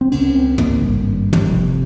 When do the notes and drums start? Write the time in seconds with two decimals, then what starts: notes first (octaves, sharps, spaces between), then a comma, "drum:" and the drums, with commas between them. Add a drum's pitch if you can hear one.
0.01 C4
0.12 C#2 C#3 C#4, drum: cymbal
0.35 C4
0.58 A#3, drum: tom
0.81 G#1 G2
1.33 drum: tom
1.49 F1 F2 C3